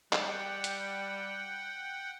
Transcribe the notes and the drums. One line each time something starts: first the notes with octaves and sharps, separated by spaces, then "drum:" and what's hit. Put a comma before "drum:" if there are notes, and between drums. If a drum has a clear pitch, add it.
G3 F#5 G5, drum: clap
drum: hi-hat